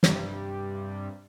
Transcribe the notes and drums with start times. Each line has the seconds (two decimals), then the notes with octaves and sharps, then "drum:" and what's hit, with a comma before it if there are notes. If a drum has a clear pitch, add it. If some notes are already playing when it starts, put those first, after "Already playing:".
0.03 G2 C3 G3, drum: snare